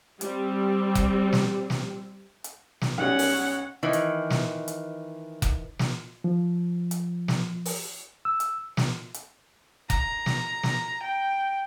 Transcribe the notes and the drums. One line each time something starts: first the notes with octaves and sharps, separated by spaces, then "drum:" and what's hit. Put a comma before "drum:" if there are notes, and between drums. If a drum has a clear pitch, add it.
G3 C4, drum: hi-hat
drum: kick F1, hi-hat
drum: snare
drum: snare
drum: hi-hat
drum: snare
B1 G3 C#4 F#5
drum: open hi-hat
D#3 E3
drum: hi-hat
drum: snare
drum: hi-hat
drum: kick F1, hi-hat
drum: snare
F3
drum: hi-hat
drum: snare
drum: open hi-hat
E6
drum: hi-hat
drum: snare
drum: hi-hat
A#5, drum: kick F1, hi-hat
drum: snare
drum: snare
G5